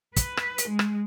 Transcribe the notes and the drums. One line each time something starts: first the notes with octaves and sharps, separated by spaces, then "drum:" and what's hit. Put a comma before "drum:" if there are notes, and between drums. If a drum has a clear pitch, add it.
B4, drum: kick, hi-hat
drum: rim click
drum: hi-hat
G#3
drum: rim click